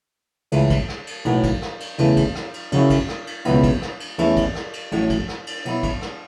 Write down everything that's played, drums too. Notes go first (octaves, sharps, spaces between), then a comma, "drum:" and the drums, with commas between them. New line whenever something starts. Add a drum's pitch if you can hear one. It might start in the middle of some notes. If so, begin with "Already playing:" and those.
C#2 C#3 E3 A3, drum: cymbal
drum: kick, cymbal
drum: rim click
drum: cymbal
B1 A2 F#3 B3, drum: cymbal
drum: kick, cymbal
drum: rim click
drum: cymbal
E2 C#3 E3 A3, drum: cymbal
drum: kick, cymbal
drum: rim click
drum: cymbal
F#2 C#3 F#3 C#4 E4, drum: cymbal
drum: kick, cymbal
drum: rim click
drum: cymbal
C#2 B2 F#3 B3 E4, drum: cymbal
drum: kick, cymbal
drum: rim click
drum: cymbal
E2 E3 A3 C#4 E4, drum: cymbal
drum: kick, cymbal
drum: rim click
drum: cymbal
A1 A2 F#3, drum: cymbal
drum: kick, cymbal
drum: rim click
drum: cymbal
B2 F#3 B3 E4, drum: cymbal
drum: kick, cymbal
drum: rim click